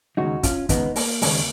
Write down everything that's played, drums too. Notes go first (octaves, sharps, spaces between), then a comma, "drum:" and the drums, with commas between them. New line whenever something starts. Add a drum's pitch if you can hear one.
D#2 C#3 G#3 D#4 F#4
C#4 F4, drum: kick, hi-hat
D#2 C#3 G#3 B3 D#4, drum: kick, hi-hat
A#3, drum: open hi-hat
D#2 C#3 G#3, drum: open hi-hat